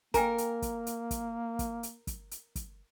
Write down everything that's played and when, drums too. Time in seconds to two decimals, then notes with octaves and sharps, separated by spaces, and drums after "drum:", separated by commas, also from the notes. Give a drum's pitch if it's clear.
0.14 A#3 A#4 G5 G#5 A#5, drum: kick, hi-hat
0.38 drum: hi-hat
0.62 drum: kick, hi-hat
0.87 drum: hi-hat
1.11 drum: kick, hi-hat
1.59 drum: kick, hi-hat
1.83 drum: hi-hat
2.07 drum: kick, hi-hat
2.31 drum: hi-hat
2.56 drum: kick, hi-hat